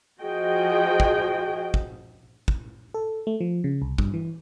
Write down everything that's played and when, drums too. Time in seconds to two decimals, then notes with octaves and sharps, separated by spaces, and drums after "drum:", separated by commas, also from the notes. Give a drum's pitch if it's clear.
0.22 F3 F#4 G#4 D#5 G5
1.00 drum: kick
1.74 drum: kick
2.48 drum: kick
2.94 A4
3.27 A3
3.41 F3
3.64 C#3
3.82 C2
3.98 G2, drum: kick
4.14 E3